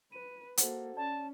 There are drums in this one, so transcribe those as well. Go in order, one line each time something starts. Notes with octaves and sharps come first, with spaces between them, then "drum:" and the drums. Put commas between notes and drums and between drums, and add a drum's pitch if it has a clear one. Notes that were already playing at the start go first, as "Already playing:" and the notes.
B4 D#7
A#3 F#4 A4 C5 F#5, drum: hi-hat
C#4 D5 A5